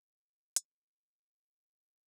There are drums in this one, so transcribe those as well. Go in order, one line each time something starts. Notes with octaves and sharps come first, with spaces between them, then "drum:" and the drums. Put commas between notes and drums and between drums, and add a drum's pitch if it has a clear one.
E3 D5
F1 C2 G2 C#4 D4, drum: hi-hat
G#5 D7